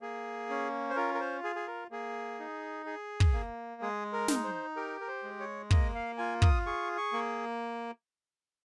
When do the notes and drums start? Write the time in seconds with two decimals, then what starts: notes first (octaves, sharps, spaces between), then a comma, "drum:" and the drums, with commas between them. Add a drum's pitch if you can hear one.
0.01 A#3 G#4
0.50 C#4
0.90 C5
0.96 F4 A#4
1.14 A#4
1.20 C5
1.44 G#4
1.56 G#4
1.67 A#4
1.91 A#3 G#4
2.39 D#4
2.86 G#4
3.20 drum: kick
3.33 A#3
3.82 G#3 G#4
4.13 A#4
4.28 D#4, drum: snare
4.44 C5
4.76 G4 A#4
5.01 A#4
5.08 C5
5.23 G#3
5.40 C#5
5.71 A#3 D#5, drum: kick
5.95 F5
6.18 F4 G#5
6.42 D#6, drum: kick
6.66 G#4 C#6
6.97 C#6
7.13 A#3